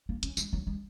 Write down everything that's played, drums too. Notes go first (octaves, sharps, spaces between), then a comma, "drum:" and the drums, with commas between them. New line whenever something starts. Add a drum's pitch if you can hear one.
A#3
C#4, drum: hi-hat
G#3, drum: tambourine
F#3
G#3